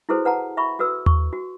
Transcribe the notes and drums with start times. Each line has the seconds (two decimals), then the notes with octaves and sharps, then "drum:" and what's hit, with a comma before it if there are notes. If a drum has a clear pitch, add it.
0.09 E4 F#4 G#4 A4 B4 C5
0.25 B4 F#5 A5 A#5
0.57 E5 B5 C#6
0.79 F#4 A4 B4 E6
1.06 C#6, drum: tom D#2
1.33 F#4